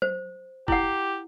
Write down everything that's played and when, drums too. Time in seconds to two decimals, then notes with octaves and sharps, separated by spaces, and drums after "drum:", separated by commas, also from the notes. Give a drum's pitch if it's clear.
0.02 C5, drum: tom F#3
0.68 E4 G4 F#5, drum: kick